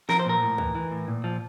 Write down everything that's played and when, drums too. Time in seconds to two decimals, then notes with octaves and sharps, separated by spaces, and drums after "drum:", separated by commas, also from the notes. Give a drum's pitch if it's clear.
0.09 F3 A#4, drum: snare
0.19 C5
0.26 A#2 A#4
0.42 A2
0.58 E3, drum: kick C#2
0.75 E3
0.92 A2
1.08 A#2
1.24 F3